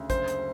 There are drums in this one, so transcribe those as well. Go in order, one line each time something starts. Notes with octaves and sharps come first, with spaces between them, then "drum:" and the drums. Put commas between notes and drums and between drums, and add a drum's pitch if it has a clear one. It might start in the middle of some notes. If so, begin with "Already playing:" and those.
Already playing: D2 C#3
F#1 C5, drum: kick, hi-hat
drum: hi-hat